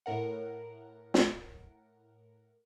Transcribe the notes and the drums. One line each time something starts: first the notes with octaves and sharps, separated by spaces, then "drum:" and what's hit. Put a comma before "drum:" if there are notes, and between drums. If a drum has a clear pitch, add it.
A2 A#4 F#5
drum: snare